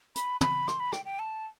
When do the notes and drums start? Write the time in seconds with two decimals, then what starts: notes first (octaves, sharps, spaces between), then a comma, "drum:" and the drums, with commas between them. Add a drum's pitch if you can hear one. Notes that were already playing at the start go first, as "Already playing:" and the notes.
0.16 B5, drum: hi-hat
0.41 B5, drum: tom
0.68 C6, drum: rim click
0.80 B5
0.92 G5, drum: rim click
1.05 G5
1.19 A5